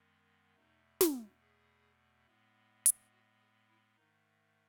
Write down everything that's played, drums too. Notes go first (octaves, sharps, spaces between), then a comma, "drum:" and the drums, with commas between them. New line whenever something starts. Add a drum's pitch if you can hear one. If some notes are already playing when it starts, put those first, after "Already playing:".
Already playing: F#2 D#3 G#3 B3
E2 B2 A3 D#4
drum: snare
G#4
A2 G#3 B3
drum: hi-hat
F#4
G#4
E4
G#2 D#3 A3 D#4